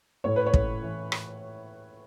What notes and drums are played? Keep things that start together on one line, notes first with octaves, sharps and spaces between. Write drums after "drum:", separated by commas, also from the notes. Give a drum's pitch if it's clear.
A2 C#5
B4
C#5
A2, drum: kick
E3
drum: rim click